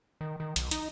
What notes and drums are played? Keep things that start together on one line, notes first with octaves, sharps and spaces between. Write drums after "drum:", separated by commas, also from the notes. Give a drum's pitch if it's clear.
D#3
D#3
B1, drum: hi-hat
D#4, drum: hi-hat